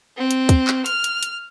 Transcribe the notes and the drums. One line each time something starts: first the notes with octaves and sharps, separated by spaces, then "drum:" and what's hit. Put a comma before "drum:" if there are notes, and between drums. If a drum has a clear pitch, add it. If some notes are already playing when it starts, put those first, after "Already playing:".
C4
drum: hi-hat
drum: kick, hi-hat
drum: clap
F6, drum: hi-hat
drum: hi-hat
drum: hi-hat